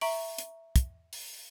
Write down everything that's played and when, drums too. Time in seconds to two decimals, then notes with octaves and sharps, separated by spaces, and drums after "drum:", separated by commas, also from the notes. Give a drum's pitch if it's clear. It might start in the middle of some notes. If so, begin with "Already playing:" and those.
0.01 E5 A#5 C#6 D7 F#7, drum: open hi-hat
0.38 drum: hi-hat
0.76 drum: kick, hi-hat
1.13 drum: open hi-hat